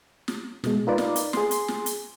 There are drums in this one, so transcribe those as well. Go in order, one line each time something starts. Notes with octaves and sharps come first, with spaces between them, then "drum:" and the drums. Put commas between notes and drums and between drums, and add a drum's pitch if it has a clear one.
drum: snare
B2 G#3, drum: snare
D#4 F4 A#4 B4 D5
drum: snare
drum: hi-hat
G#4 C6, drum: snare
drum: hi-hat
drum: snare
drum: hi-hat